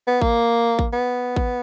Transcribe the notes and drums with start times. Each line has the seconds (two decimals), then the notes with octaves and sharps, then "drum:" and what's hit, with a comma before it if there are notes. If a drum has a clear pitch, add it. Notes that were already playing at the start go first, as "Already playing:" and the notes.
0.07 B3
0.21 A#3, drum: kick A1
0.79 drum: kick A1
0.93 B3
1.36 drum: kick A1